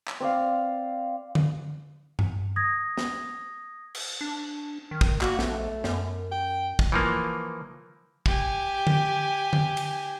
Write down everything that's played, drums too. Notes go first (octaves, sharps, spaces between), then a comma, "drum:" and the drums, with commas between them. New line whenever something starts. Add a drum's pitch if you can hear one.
drum: clap
C4 D5 F5
drum: tom D3
drum: tom G2
D#6 G#6 A#6
drum: snare
drum: cymbal
D4
D#3
drum: kick
A#3 F#4, drum: clap
A#1 A3, drum: snare
F#2, drum: snare
G5
drum: kick
E3 F3 A#3
G4 G#5, drum: kick
drum: tom D3
drum: tom D3
drum: cymbal